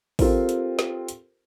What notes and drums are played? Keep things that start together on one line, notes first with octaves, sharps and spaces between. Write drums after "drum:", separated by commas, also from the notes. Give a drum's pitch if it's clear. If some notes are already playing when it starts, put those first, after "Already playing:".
C4 F4 G4 A4 A#4 C5, drum: kick, open hi-hat
drum: hi-hat
drum: snare
drum: hi-hat